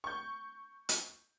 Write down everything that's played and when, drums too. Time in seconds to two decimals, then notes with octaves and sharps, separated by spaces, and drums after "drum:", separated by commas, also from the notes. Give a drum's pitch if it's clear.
0.04 C#6 G6
0.89 drum: hi-hat